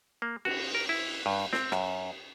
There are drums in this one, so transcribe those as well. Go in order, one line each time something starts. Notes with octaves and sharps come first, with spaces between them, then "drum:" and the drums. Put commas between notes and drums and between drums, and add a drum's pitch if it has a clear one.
A#3
F#4, drum: cymbal
A#4
E4
G2
C4, drum: snare
F#2, drum: rim click